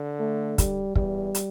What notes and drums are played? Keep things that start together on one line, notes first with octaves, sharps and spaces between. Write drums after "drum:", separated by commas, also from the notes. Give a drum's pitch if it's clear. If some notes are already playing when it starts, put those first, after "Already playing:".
Already playing: D3
A3
G3, drum: kick, hi-hat
E2 G3, drum: kick
drum: hi-hat